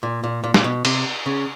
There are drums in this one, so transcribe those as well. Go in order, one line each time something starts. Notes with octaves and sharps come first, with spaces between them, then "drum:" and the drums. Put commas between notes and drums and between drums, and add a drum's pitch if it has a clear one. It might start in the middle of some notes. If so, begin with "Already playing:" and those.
A#2
A#2
A#2
A#2, drum: snare
B2
C3, drum: cymbal
C#3